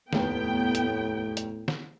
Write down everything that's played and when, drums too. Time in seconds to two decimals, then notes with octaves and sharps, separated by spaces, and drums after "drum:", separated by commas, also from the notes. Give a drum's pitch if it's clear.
0.13 F1 D#2 A2 B3 B4 G5, drum: snare
0.75 drum: hi-hat
1.37 drum: hi-hat
1.68 drum: snare